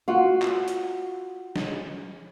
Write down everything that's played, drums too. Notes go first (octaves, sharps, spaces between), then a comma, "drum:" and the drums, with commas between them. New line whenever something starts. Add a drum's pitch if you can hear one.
F4 F#4
drum: clap
drum: hi-hat
drum: snare